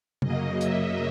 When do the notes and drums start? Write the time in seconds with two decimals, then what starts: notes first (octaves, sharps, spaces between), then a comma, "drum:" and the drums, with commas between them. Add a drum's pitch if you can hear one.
0.22 F#2 C#3 F#3 A#3 D#5, drum: tom C3
0.61 E5, drum: hi-hat